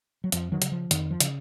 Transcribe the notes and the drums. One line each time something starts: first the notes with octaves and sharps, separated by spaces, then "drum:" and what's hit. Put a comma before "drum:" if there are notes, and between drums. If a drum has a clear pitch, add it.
F#3
F2 F3, drum: hi-hat
D#3 F#3
C#3, drum: hi-hat
F3
F2 D#3, drum: hi-hat
F3
C#3, drum: hi-hat